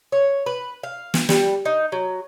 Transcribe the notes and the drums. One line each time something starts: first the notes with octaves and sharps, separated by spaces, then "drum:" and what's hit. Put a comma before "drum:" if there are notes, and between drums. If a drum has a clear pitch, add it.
C#5
B4
F5
drum: snare
G3, drum: snare
D#4
F#3